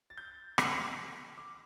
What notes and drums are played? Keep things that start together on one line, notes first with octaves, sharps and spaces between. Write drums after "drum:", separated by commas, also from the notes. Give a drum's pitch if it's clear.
A6
G6
F6, drum: rim click
D6